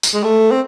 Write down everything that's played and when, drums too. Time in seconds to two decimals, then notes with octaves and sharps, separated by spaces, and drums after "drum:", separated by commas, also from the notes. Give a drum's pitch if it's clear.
0.03 drum: tambourine
0.14 G#3
0.23 A3
0.52 C4